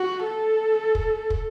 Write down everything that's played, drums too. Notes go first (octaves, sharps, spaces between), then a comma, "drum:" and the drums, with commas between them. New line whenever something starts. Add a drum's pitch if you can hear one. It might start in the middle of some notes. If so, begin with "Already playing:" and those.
Already playing: F#4
A4
drum: kick
drum: kick